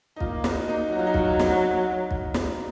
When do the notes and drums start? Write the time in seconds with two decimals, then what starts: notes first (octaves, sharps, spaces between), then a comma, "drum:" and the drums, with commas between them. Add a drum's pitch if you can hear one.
0.16 D#4
0.20 A#3 F4, drum: kick
0.44 D#4 F#4, drum: snare
0.68 D#4
0.92 F#3 F#4
0.99 F4
1.07 D#4
1.14 F4, drum: kick
1.39 drum: snare
2.11 drum: kick
2.34 drum: snare